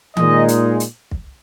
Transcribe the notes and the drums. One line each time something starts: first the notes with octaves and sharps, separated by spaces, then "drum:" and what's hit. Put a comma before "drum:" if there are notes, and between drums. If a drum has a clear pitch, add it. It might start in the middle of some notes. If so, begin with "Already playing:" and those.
A#2 G#3 D#4 D#5, drum: tom D#3
drum: hi-hat
drum: hi-hat
drum: kick